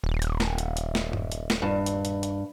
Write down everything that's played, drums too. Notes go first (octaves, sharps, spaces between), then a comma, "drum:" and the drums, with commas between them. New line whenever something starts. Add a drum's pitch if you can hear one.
D#1
drum: hi-hat
drum: snare
drum: hi-hat
drum: hi-hat
drum: snare
drum: tom G2
drum: hi-hat
drum: snare
G2
drum: hi-hat
drum: hi-hat
drum: hi-hat